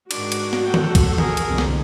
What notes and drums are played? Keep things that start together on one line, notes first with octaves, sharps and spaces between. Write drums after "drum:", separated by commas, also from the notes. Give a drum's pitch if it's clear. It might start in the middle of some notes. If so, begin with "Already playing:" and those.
G#2 D#3 D4 F#4 D6, drum: cymbal
drum: cymbal
drum: snare
A4 F#5 G5
drum: tom D#3
drum: kick C2, cymbal
G#4 A#4, drum: tom D#3
drum: cymbal
C2 F2 D3
drum: snare